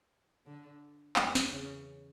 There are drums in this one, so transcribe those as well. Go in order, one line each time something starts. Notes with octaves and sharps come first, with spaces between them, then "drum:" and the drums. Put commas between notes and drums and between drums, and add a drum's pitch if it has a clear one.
D3
E2 E3, drum: clap
drum: snare
C#3 C#4